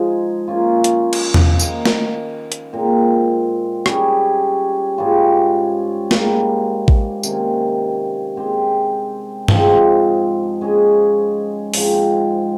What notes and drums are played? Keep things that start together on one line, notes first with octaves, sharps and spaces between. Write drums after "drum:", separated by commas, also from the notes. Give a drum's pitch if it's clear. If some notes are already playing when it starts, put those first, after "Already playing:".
Already playing: F3 G#3 D#4 G#4
A#3 C#4 F4
drum: hi-hat
drum: cymbal
drum: tom E2
D#3 A#3 D#4, drum: tambourine
drum: snare
drum: hi-hat
A#2 G#3 C4
G3 C#4 G#4 C#5, drum: rim click
G#2 G3 C#4 F4
G#2 G3 A#3, drum: snare
drum: kick A1
C3 D#3 A#3 C#4, drum: tambourine
G#3 C4 G4 C5
G#2 F3 C4, drum: tom G2
G#3 C#4 G#4 D#5
G#2 F3 C4, drum: open hi-hat